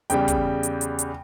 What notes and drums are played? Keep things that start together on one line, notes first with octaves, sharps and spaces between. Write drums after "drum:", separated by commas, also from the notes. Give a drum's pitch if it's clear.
E2 C#3 G3 G5, drum: hi-hat
drum: kick, hi-hat
drum: hi-hat
drum: hi-hat
drum: hi-hat